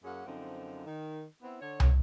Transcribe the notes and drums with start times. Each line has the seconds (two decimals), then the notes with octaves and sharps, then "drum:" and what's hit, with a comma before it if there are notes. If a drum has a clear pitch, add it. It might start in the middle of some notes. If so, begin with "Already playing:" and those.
0.04 F#2 A#3 C#4 G#4 F#5
0.27 F#2 D3 F3 C4 D#4
0.87 D#3
1.43 B3 C4 E4
1.61 D3 C#5
1.80 drum: tom